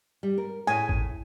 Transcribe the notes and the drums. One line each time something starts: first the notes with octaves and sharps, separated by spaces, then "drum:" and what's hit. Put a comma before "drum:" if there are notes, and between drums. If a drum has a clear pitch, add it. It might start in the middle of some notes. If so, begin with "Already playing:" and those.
G3
A#4
A2 G#5, drum: hi-hat
drum: kick